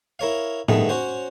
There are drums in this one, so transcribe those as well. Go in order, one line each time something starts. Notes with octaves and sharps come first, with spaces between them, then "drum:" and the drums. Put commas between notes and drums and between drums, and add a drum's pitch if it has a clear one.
E4 A#4 C#5 F5
G2 D#3 A3 B3 G#4, drum: tom A2
C#4 F#4 C5 C#5